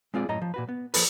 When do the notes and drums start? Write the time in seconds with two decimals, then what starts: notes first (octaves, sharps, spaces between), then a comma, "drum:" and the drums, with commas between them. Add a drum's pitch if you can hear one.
0.14 G#3 C4 F4 G#4 D5
0.29 F#2 A2 C#5 D#5 A#5
0.42 F3
0.54 A#2 F#4 B4
0.69 B3
0.94 F3 A#3 A4 B4, drum: open hi-hat